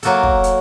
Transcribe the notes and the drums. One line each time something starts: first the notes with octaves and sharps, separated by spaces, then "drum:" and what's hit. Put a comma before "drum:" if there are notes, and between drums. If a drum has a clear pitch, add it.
F#3 A#3 F#4 A4, drum: hi-hat
drum: kick
drum: hi-hat